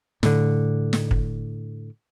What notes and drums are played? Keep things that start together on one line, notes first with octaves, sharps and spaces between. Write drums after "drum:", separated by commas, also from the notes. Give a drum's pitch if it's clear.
A2 D3, drum: snare
drum: snare
drum: kick